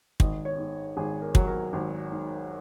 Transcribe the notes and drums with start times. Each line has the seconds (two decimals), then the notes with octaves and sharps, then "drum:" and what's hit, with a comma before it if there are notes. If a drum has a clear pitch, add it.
0.20 G#1 D#5, drum: kick
0.45 C#5
0.58 G#2
0.97 G#1 G#4
1.21 A#4
1.35 F#3, drum: kick
1.47 A#4
1.73 G#1
2.12 G#2